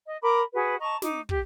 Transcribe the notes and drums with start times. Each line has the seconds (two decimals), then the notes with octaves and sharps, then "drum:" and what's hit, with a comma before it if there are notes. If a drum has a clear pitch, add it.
0.07 D#5
0.22 A#4 B5 D6
0.54 F#4 G#4 B4
0.80 D#5 A5 A#5 C#6
1.02 D#4 D6, drum: snare
1.29 G4, drum: kick